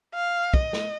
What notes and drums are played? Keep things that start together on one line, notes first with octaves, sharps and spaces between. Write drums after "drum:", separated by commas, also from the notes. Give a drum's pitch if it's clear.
F5
D#5, drum: kick
drum: snare